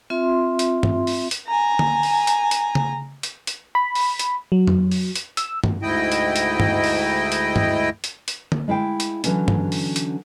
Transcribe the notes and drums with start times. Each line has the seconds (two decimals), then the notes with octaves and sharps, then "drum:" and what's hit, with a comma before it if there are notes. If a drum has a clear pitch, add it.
0.10 C4 F4 E5 C6
0.59 drum: hi-hat
0.83 drum: tom G2
1.07 drum: open hi-hat
1.31 drum: hi-hat
1.47 G#5 A#5
1.79 drum: tom D3
2.03 drum: open hi-hat
2.27 drum: hi-hat
2.51 drum: hi-hat
2.75 drum: tom C#3
3.23 drum: hi-hat
3.47 drum: hi-hat
3.75 B5
3.95 drum: open hi-hat
4.19 drum: hi-hat
4.52 F#3
4.67 drum: tom F2
4.91 drum: open hi-hat
5.16 drum: hi-hat
5.37 E6, drum: hi-hat
5.64 drum: tom G2
5.82 D2 G#2 E4 D#5 G5
6.12 drum: hi-hat
6.36 drum: hi-hat
6.60 drum: tom G2
6.84 drum: open hi-hat
7.32 drum: hi-hat
7.56 drum: tom G2
8.04 drum: hi-hat
8.28 drum: hi-hat
8.52 drum: tom D3
8.68 G#3 E4 F5 G5
9.00 drum: hi-hat
9.24 D3 E3 F#3 C#4, drum: hi-hat
9.48 drum: tom G2
9.72 drum: open hi-hat
9.96 drum: hi-hat